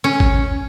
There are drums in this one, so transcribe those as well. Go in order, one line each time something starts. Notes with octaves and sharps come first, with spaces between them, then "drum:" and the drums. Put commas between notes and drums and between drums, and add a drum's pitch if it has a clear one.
C#4
drum: kick G#1